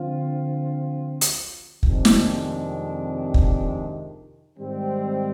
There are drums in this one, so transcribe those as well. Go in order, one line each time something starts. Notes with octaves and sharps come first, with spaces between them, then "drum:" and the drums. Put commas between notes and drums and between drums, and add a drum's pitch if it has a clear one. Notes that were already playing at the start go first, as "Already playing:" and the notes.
Already playing: D3 F3 C4 F4
drum: hi-hat
F2 C3 D#3 G#3 D4, drum: kick
drum: snare
drum: kick
G#2 D#3 G3 C4